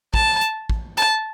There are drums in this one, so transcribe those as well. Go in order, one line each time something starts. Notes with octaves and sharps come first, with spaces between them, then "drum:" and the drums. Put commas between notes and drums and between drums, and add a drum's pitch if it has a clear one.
A5, drum: kick
drum: hi-hat
drum: kick
A5, drum: hi-hat